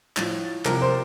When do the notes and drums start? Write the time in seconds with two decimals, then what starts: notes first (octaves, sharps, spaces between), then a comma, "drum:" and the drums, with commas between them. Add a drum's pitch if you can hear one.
0.17 A2 F3, drum: clap
0.65 C3 F3 A#4, drum: clap
0.81 C5